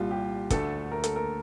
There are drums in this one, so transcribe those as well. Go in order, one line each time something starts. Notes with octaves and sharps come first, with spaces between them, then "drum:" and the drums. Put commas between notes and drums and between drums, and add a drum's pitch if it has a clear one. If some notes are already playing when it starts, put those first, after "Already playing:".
Already playing: C2 A#2 G3 F4
G4
D2 D3 A3 A4, drum: kick, hi-hat
A#4
A4, drum: hi-hat
A#4